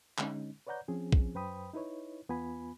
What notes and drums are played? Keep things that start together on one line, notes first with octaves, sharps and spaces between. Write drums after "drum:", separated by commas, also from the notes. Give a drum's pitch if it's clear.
D3 G#3 C#4 D#4, drum: clap
B4 C#5 D5 F#5 A#5 G6
F3 C4 C#4 G#4
drum: kick
F#2 B4 C5 G5 B5 D#6
D#4 E4 B4 C#5
E2 B3 F4 G#5 B5